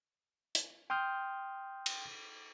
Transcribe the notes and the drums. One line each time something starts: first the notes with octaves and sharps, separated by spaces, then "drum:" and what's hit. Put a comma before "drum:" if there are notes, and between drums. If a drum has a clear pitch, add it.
drum: hi-hat
G5 C6 D#6 F6 G6
drum: cymbal